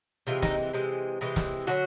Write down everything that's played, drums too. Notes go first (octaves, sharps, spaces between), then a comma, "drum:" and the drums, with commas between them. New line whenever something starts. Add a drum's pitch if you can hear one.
C3 E3 G#3 F4
D#4, drum: snare
C3 E3 G#3
C3 E3 G#3
drum: snare
D3 F#3 F#4